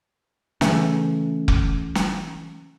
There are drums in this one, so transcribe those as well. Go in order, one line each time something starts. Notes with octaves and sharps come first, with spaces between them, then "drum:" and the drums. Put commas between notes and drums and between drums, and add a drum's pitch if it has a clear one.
C#3 E3 A3 C#4, drum: snare
drum: kick F1
drum: snare